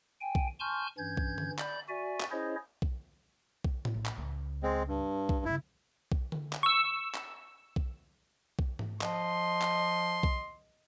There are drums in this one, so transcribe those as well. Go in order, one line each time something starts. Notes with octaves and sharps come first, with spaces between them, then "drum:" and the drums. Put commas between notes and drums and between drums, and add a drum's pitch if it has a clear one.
G5 G#5
drum: kick B1
G#5 A5 C6 C#6 F6 G6
G2 E3 C#4 G6 G#6
drum: kick B1
drum: tom D3
D5 B5 G6, drum: clap
F#4 D5 E5 G#5
drum: clap
C#4 E4 G#4 C5 C#5 D#5
drum: kick B1
drum: kick B1
drum: tom A2
A#1
drum: clap
C#2
G#3 C4
G2
drum: kick B1
G2 C#3 E4
drum: kick B1
drum: tom D3
drum: clap
C#6 E6
drum: clap
drum: kick B1
drum: kick B1
drum: tom G#2
F3 D#5 C6, drum: clap
drum: clap
drum: kick B1